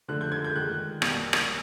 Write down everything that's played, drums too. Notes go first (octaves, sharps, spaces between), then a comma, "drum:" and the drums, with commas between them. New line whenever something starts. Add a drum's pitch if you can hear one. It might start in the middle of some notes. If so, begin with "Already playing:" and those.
D3 F3 A3 F#6
G6
G#6
G6
D#3 G#3 F#6
B2 G3 A#3, drum: rim click
drum: rim click